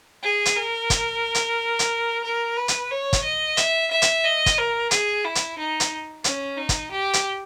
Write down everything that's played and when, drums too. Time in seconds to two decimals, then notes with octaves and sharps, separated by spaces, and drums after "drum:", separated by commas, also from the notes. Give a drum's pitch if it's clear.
0.23 G#4
0.45 drum: hi-hat
0.56 A#4
0.90 drum: kick, hi-hat
1.35 drum: hi-hat
1.79 drum: hi-hat
2.24 A#4
2.56 B4
2.68 drum: hi-hat
2.91 C#5
3.13 drum: kick, hi-hat
3.23 D#5
3.57 E5, drum: hi-hat
3.91 E5
4.02 drum: hi-hat
4.25 D#5
4.46 drum: kick, hi-hat
4.58 A#4
4.91 G#4, drum: hi-hat
5.25 E4
5.35 drum: hi-hat
5.58 D#4
5.80 drum: hi-hat
6.24 C#4, drum: hi-hat
6.57 D#4
6.69 drum: kick, hi-hat
6.91 G4
7.13 drum: hi-hat